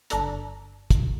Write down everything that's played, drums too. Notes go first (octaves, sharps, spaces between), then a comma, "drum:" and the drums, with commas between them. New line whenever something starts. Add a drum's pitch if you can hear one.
G1 D4 A4 A#5, drum: hi-hat
drum: kick, hi-hat